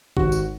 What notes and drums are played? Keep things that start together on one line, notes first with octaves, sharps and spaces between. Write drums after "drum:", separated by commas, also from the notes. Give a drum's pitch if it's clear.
G#1 F#4, drum: kick
drum: tambourine